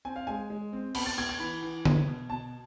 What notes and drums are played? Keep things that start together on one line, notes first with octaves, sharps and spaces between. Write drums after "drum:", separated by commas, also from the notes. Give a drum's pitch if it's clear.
C4 G#5
F5
G#3 G#5
G#3
C4
B3 B5, drum: cymbal
A6
B3 G#6
G#6
E3 B5
E3
B3, drum: tom D3
B2
B2 A5